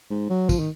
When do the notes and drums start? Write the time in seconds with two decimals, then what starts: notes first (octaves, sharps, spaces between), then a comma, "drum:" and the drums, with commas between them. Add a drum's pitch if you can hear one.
0.11 G#2
0.30 F#3
0.49 F3, drum: kick, tambourine
0.59 D#3